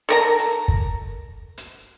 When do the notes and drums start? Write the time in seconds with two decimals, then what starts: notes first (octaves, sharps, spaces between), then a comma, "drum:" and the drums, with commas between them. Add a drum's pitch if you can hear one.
0.09 A4 A#4 A#5
0.38 drum: hi-hat
0.68 drum: kick
1.58 drum: hi-hat